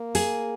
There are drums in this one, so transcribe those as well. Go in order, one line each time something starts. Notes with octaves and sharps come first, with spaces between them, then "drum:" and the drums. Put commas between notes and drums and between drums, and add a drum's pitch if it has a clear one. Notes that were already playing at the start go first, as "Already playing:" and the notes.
Already playing: A#3
G#4, drum: open hi-hat